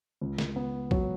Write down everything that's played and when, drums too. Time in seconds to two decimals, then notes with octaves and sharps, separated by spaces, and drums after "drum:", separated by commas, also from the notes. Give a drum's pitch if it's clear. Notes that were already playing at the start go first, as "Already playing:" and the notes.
0.21 C#2
0.38 drum: snare
0.56 B3
0.91 F#3, drum: kick A#1